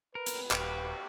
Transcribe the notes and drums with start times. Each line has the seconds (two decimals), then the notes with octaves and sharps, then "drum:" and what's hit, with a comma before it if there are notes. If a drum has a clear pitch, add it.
0.15 A#4 B4
0.26 drum: hi-hat
0.51 D#1 F#4 G4 F5, drum: clap